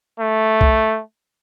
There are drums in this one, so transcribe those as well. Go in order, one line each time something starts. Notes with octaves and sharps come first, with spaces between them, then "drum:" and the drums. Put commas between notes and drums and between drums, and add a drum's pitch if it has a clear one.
A3
drum: kick C2